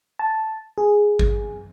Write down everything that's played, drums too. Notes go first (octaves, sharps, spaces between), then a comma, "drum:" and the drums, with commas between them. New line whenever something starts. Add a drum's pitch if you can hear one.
A5
G#4
drum: kick